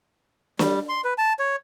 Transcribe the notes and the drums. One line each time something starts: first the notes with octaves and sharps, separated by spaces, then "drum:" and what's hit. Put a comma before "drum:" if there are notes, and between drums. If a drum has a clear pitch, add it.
G3, drum: snare
C6
B4
A5
C#5